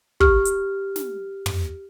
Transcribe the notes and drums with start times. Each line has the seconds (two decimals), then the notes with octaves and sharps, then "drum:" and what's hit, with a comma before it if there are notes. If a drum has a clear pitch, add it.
0.20 G4 F6, drum: kick
0.45 drum: hi-hat
0.96 drum: snare
1.46 drum: tom